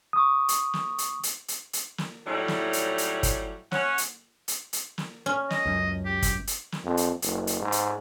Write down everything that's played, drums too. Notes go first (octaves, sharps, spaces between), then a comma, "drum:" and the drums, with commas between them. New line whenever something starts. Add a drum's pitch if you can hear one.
C#6 D#6
drum: hi-hat
drum: snare
drum: hi-hat
drum: hi-hat
drum: hi-hat
drum: hi-hat
drum: snare
A2 F#3 G3 C#4 D#4 E4
drum: snare
drum: hi-hat
drum: hi-hat
drum: kick, hi-hat
C#4 F#5, drum: snare
drum: hi-hat
drum: hi-hat
drum: hi-hat
drum: snare
C#4
D#5, drum: snare
C#2 F#2
G4
drum: kick, hi-hat
drum: hi-hat
drum: snare
F2
drum: hi-hat
F#1, drum: hi-hat
drum: hi-hat
G#2
drum: hi-hat